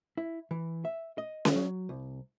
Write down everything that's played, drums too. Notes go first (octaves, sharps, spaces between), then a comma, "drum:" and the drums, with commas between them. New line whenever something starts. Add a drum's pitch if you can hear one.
E4
E3
E5
D#5
drum: snare C#4
F#3
C2